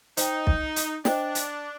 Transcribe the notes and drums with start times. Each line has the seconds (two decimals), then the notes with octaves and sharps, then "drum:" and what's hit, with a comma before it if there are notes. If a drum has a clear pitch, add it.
0.17 D#4 C5 D#5 G5, drum: hi-hat
0.47 drum: kick
0.76 drum: hi-hat
1.05 D4 C5 D#5 G5, drum: snare
1.35 drum: hi-hat